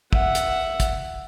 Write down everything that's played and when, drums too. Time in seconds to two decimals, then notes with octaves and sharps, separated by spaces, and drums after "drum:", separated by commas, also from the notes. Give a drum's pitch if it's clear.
0.13 E5 F#5, drum: kick
0.35 drum: hi-hat
0.80 drum: kick, hi-hat